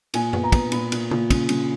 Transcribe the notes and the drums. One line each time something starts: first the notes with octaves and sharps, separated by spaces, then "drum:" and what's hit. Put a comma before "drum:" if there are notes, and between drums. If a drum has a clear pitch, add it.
A#2 G#5, drum: cymbal
B3, drum: tom F#2
A#5
B3, drum: kick, cymbal
A#2 B5, drum: cymbal
A#2, drum: cymbal
A#2, drum: tom
C#3, drum: kick, cymbal
C#3, drum: cymbal